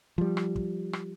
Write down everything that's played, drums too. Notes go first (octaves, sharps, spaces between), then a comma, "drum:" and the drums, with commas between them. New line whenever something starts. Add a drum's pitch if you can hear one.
F3 G3
drum: rim click
drum: kick
drum: rim click